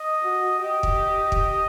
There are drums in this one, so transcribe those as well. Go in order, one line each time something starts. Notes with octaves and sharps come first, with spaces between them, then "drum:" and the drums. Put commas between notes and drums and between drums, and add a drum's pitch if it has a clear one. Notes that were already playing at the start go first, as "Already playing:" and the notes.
Already playing: D#5
F#4
G4 D#5
drum: kick
drum: kick